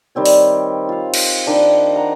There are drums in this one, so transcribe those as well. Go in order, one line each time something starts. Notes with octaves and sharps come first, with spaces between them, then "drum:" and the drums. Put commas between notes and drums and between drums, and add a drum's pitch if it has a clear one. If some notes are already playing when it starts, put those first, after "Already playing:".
D#3 G3 C4 C#5
drum: open hi-hat
F4 F5
drum: cymbal
D#3 D4 B5
F#5 A#5